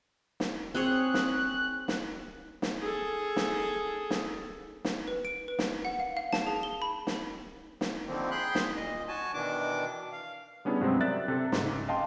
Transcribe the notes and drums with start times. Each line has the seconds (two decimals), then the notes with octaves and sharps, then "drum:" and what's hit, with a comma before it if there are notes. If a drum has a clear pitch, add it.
0.40 drum: snare
0.75 C4 G#4 C#5 F#6
1.14 drum: snare
1.88 drum: snare
2.62 drum: snare
2.81 G#4 A4
3.36 drum: snare
4.10 drum: snare
4.85 drum: snare
5.08 B4
5.25 D7
5.48 B4
5.59 drum: snare
5.85 F#5
6.00 F5
6.17 F5
6.33 A5, drum: snare
6.46 G#4
6.63 G7
6.82 B5
7.07 drum: snare
7.81 drum: snare
8.08 D3 D#3 F3 A#3 C4
8.31 G#4 G5 B5 C6 F#6
8.55 drum: snare
8.77 A#2 D#5
9.08 F#4 G#5 A5
9.34 B2 D#3 E3 D4 D6
10.12 F5
10.65 G3 B3 C#4 D4 E4 G#4
10.81 G2 C3 F#3 G#3 B3 C4
11.00 A#4 D5 E5 F#6 A6
11.28 C3 A4
11.52 G#2 C#3, drum: snare
11.88 D#5 F5 G5 A5 C6